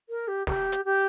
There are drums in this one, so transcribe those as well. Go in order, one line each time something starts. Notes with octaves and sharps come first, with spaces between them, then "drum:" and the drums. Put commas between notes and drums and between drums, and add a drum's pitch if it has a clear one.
A#4
G4
G4, drum: snare
drum: hi-hat
G4